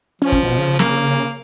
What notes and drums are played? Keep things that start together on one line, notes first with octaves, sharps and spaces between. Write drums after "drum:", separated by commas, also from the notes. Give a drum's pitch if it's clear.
F3 C#4
drum: kick
B2
C#3
A#3, drum: snare